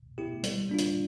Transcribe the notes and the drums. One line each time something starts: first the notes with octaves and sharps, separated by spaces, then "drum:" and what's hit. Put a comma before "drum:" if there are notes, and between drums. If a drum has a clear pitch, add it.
B3 E4 G4
G3, drum: hi-hat
A#3 D4 F4
drum: hi-hat